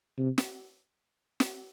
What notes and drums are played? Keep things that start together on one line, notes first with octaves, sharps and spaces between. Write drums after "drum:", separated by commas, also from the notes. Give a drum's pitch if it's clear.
C3
drum: snare
drum: snare